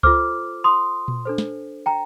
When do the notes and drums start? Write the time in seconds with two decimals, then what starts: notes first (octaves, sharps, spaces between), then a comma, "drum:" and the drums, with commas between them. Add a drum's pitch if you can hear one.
0.03 F4 A4 C5 D6 F6, drum: kick C#2
0.64 C6 D#6
1.08 drum: tom A#2
1.25 D4 A4 C5
1.38 drum: snare
1.86 G5 A#5